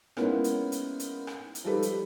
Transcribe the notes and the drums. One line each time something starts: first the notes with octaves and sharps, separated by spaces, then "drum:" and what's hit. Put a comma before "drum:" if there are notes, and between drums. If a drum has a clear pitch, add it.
G#3 A#3 B3 C#4 D#4 E4, drum: rim click
drum: hi-hat
drum: hi-hat
drum: hi-hat
drum: rim click
drum: hi-hat
F3 G3 D#4 G4 A4 B4
drum: hi-hat